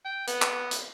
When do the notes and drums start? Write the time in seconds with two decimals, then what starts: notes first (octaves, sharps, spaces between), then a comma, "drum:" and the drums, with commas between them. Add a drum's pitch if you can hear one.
0.05 G5
0.27 B3, drum: hi-hat
0.42 drum: clap
0.71 drum: hi-hat